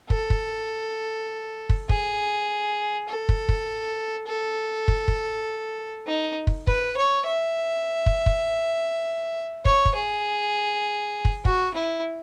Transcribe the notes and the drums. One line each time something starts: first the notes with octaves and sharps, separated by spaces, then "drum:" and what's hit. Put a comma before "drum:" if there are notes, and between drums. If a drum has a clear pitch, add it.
A4, drum: kick
drum: kick
drum: kick
G#4, drum: kick
A4
drum: kick
drum: kick
A4
drum: kick
drum: kick
D#4
drum: kick
B4, drum: kick
C#5
E5
drum: kick
drum: kick
C#5, drum: kick
drum: kick
G#4
drum: kick
F#4, drum: kick
E4